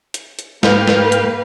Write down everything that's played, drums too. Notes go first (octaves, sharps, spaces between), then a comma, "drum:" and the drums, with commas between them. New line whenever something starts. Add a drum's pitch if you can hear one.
drum: hi-hat
drum: hi-hat
G#2 A#3 B4 F5 G5 F6, drum: snare
drum: snare
drum: hi-hat